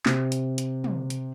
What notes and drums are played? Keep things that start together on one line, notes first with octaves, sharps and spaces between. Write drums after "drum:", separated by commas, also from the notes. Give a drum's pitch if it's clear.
C3 C4, drum: clap
drum: hi-hat
drum: hi-hat
drum: tom
drum: hi-hat